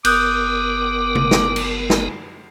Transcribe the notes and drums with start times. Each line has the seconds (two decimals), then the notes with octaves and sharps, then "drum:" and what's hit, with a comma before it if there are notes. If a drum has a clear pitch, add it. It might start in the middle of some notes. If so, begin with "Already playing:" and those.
0.05 G1 B3 A#4 D6 D#6 F#6 G6, drum: cymbal
1.15 drum: tom C3
1.31 drum: snare
1.56 drum: cymbal
1.90 drum: snare